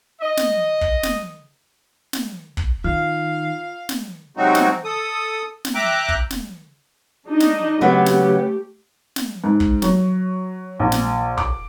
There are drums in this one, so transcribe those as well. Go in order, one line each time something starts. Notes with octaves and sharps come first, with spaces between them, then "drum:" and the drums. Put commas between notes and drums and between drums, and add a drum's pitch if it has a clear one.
D#5
drum: snare
drum: kick
drum: snare
drum: snare
drum: kick
D#3 F4 F5 F6
drum: snare
C3 F#3 G#3 C4 D#4 F#4
drum: snare
A4 D#6
drum: snare
E5 G5 A#5 D6 F#6
drum: kick
drum: snare
D4 D#4 D#5
drum: snare
C#3 F#3 A3 B3 G4
drum: snare
drum: snare
G#2
drum: kick
F#3, drum: snare
A#1
drum: snare
D6, drum: kick